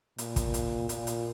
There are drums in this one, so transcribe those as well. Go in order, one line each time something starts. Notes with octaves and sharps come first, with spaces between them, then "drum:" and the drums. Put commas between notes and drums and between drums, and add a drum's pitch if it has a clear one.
A#2, drum: hi-hat
drum: kick, hi-hat
drum: hi-hat
A#2, drum: hi-hat
drum: hi-hat